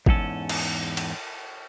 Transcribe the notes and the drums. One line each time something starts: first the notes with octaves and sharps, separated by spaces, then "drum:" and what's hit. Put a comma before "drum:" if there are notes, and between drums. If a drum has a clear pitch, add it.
E2 G#2 C#4 A4, drum: kick
drum: cymbal
drum: cymbal